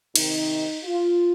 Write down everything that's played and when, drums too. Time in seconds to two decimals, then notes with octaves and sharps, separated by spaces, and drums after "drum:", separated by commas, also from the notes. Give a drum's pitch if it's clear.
0.16 C3 D#3 D#4, drum: cymbal
0.84 F4